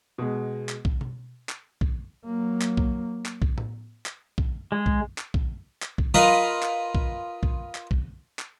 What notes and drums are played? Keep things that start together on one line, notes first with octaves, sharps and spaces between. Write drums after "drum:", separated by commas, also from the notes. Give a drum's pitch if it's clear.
B2 G#3
drum: clap
drum: kick
drum: tom B2
drum: clap
drum: kick
F#3 A#3
drum: clap
drum: kick
drum: clap
drum: kick
drum: tom A2
drum: clap
drum: kick
G#3
drum: kick
drum: clap
drum: kick
drum: clap
drum: kick
F4 A#4 B4 D#5, drum: tom F#3
drum: clap
drum: kick
drum: kick
drum: clap
drum: kick
drum: clap